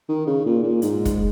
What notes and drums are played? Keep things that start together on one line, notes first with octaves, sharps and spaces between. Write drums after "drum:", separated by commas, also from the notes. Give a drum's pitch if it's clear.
D#3
C#3
A#2
A#2
G#2, drum: hi-hat
drum: kick, hi-hat